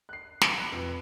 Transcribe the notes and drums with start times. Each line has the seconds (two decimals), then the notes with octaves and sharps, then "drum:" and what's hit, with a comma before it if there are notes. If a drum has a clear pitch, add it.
0.09 F#6 C7
0.41 drum: snare
0.58 B5 F#6 D7
0.72 F2 B4